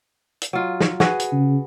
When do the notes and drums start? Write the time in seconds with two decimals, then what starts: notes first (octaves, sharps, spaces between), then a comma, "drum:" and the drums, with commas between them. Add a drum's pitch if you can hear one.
0.41 drum: hi-hat
0.53 F#3 F4
0.81 drum: snare
1.00 F#4 G#4 B4, drum: snare
1.20 drum: hi-hat
1.33 C#3